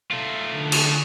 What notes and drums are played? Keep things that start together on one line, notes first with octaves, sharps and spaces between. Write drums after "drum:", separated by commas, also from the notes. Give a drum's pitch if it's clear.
A3 F4
D3 F#6
drum: cymbal